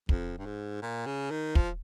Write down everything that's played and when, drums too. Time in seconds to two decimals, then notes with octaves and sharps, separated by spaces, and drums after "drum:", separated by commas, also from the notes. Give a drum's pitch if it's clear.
0.09 F2, drum: kick
0.38 G2
0.46 G#2
0.82 A#2
1.06 C#3
1.31 D#3
1.55 F3, drum: kick